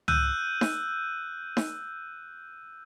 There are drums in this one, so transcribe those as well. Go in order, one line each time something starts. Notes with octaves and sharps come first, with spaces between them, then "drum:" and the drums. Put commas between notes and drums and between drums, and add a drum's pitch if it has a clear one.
E6 F#6 G6 D#7, drum: tom
drum: snare D#4
drum: snare D#4